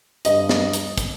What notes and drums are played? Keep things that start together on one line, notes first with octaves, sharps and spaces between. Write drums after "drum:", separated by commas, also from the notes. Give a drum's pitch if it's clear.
G2 D#5, drum: hi-hat
drum: snare
drum: hi-hat
drum: kick, hi-hat